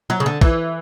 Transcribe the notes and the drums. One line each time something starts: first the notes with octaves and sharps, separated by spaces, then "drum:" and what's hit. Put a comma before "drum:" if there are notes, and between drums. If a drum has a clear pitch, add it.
F#3
C#3
D3
E3, drum: kick